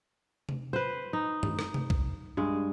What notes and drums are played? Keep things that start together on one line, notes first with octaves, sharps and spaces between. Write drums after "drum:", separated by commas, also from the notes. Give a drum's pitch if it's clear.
drum: tom C3
B4 C5
D#4
drum: tom G2
drum: rim click
drum: tom C3
drum: kick
G2 G#3